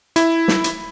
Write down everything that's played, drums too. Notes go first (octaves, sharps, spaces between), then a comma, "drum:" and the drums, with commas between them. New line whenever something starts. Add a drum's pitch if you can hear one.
E4, drum: hi-hat
drum: snare
drum: hi-hat